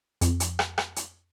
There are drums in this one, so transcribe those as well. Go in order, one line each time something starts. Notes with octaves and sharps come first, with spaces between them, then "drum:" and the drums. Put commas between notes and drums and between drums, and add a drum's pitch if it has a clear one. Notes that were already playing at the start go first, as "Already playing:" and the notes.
F2, drum: hi-hat
drum: hi-hat
drum: rim click
drum: rim click
drum: hi-hat